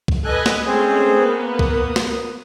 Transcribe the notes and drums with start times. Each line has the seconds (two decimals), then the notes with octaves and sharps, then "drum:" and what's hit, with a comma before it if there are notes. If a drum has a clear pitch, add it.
0.08 drum: kick
0.24 A4 B4 D#5 G#5 F#6
0.46 drum: snare
0.67 G#3 A3 C4 C#4 G#4 C5
1.21 A#3 B3 B4
1.59 D#6, drum: kick
1.96 drum: snare